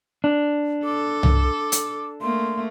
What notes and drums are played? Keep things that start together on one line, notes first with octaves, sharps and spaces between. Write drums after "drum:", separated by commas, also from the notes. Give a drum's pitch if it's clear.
D4
A4 D6
drum: tom C2
drum: hi-hat
A3 A#3 C6